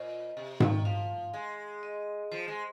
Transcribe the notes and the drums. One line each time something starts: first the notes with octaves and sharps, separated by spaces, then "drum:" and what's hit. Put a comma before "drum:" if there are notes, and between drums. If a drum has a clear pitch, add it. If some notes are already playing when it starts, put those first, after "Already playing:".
Already playing: A#2 C5 D#5
C3
D#3, drum: tom G#2
F3 F5
G#3
D#5
F3 C5
G#3